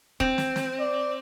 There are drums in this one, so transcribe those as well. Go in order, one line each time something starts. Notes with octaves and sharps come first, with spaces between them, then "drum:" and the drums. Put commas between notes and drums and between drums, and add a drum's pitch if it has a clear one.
C4, drum: kick
drum: snare
drum: snare
D5